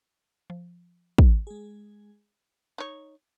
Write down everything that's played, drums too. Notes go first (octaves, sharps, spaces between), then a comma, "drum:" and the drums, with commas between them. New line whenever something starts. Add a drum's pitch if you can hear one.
F3
drum: kick
G#3 G#4
D#4 C#5